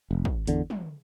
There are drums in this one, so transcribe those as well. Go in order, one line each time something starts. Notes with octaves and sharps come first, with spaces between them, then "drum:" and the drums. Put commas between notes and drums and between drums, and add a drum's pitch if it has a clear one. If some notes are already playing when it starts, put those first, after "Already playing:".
F1
drum: kick
E2 D3, drum: hi-hat
drum: tom